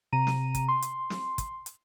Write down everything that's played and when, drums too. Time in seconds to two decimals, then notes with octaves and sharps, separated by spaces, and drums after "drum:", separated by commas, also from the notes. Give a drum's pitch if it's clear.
0.12 C3 A#5 D#7
0.27 drum: snare
0.55 drum: kick, hi-hat
0.68 C6
0.82 drum: hi-hat
1.10 drum: snare
1.38 drum: kick, hi-hat
1.66 drum: hi-hat